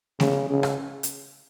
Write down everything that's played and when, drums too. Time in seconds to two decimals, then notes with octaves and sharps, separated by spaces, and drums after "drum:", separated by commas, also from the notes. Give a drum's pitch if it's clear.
0.20 C#3, drum: snare A3
0.50 C#3
0.63 drum: rim click
1.03 drum: hi-hat